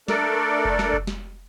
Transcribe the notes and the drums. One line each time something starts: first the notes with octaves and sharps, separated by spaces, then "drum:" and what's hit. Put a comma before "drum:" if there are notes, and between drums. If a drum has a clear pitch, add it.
A3 D4 A4 A#4 D5, drum: snare
drum: kick F1
drum: snare
drum: kick F1
drum: snare